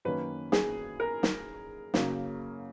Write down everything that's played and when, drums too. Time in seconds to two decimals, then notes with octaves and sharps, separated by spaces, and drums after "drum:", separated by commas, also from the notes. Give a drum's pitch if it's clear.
0.05 F#2 D#3 A#3 C#4 B4
0.52 G#4, drum: snare
1.00 A#4
1.23 drum: snare
1.94 F#2 C#3 F#3 A#3, drum: snare